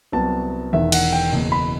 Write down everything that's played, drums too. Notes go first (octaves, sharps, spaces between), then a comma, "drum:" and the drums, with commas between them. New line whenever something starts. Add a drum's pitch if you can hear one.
C2 C3 F#3 B3 A5
E1 E2 D#3 E5
F#5, drum: cymbal
G5
F#1 E2 B2
B5